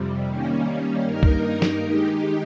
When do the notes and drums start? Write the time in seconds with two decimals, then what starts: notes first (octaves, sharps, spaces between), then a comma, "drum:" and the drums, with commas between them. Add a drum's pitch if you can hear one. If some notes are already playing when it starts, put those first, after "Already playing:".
Already playing: F2 C3 G3
0.25 D#3 G3 A#3 C#4
1.03 G2 D#3 A#3 D#4 A#4
1.23 drum: kick
1.62 drum: snare
1.81 D#3 G#3 D#4 G4